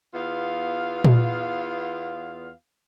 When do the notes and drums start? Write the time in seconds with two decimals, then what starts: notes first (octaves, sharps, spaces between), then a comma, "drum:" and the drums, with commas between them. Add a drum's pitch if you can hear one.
0.14 E2 B3 F4 F5
1.04 drum: tom A#2